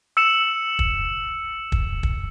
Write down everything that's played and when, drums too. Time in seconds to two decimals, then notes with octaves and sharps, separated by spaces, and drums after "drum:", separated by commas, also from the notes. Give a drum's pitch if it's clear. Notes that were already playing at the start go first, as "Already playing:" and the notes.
0.17 E6 C#7 E7
0.79 drum: kick
1.72 drum: kick
2.03 drum: kick